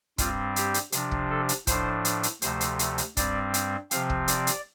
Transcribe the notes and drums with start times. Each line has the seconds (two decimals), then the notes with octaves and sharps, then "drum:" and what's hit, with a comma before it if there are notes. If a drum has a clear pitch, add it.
0.18 G2 G3 C4 F4, drum: kick, hi-hat
0.56 G4, drum: hi-hat
0.74 drum: hi-hat
0.92 C3 F3 D4, drum: hi-hat
1.11 drum: kick
1.30 A4
1.49 drum: hi-hat
1.67 A2 F3 D4 C5, drum: kick, hi-hat
2.05 drum: hi-hat
2.23 drum: hi-hat
2.42 D2 C3 F3 A3 C5, drum: hi-hat
2.61 drum: hi-hat
2.79 drum: hi-hat
2.98 drum: hi-hat
3.17 G2 G3 C4 D5, drum: kick, hi-hat
3.54 drum: hi-hat
3.91 C3 F3 C4 F5, drum: hi-hat
4.10 drum: kick
4.28 D5, drum: hi-hat
4.47 drum: hi-hat